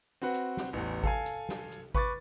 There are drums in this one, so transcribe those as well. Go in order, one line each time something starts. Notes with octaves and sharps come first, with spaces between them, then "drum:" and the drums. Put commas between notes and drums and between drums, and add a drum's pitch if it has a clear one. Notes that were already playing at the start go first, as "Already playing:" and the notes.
C4 F#4 B4 F#5
drum: hi-hat
drum: snare
A1 E2
A4 F5 G#5, drum: kick G#1
drum: hi-hat
drum: snare
drum: hi-hat
B4 C#6 D6 A6, drum: kick G#1